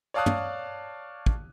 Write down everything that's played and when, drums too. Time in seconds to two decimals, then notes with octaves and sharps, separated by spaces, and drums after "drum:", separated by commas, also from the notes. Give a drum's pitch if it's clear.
0.14 C#5 D5 F5 A5 D#6 F#6
0.26 drum: tom
1.26 drum: kick